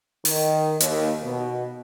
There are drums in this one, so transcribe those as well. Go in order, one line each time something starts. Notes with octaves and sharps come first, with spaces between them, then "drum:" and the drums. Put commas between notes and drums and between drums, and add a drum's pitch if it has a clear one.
D#3, drum: open hi-hat
D#2, drum: hi-hat
B2